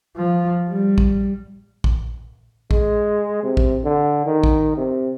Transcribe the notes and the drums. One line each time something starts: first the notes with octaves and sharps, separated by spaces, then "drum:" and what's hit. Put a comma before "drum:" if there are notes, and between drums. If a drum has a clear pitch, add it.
F3
G3
drum: kick
drum: kick
G#3, drum: kick
C3
drum: kick
D3
D#3
drum: kick
C3